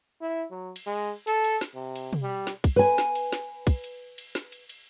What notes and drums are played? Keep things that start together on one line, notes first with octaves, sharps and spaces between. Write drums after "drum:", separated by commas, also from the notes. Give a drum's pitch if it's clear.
E4
F#3
drum: cymbal
G#3
A4, drum: cymbal
drum: cymbal
drum: snare
C3
drum: cymbal
drum: tom
G3
drum: snare
drum: kick, cymbal
B4 G#5
drum: snare
drum: cymbal
drum: snare
drum: kick, cymbal
drum: cymbal
drum: cymbal
drum: snare
drum: cymbal
drum: cymbal